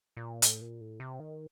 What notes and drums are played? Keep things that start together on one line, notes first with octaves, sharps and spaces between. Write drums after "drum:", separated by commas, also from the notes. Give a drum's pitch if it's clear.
A#2
A2, drum: hi-hat
A#2
A2
C3
D#3